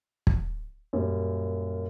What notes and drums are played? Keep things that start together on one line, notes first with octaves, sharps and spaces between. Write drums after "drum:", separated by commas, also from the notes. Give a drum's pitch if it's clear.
drum: kick
F#2 A#2 G3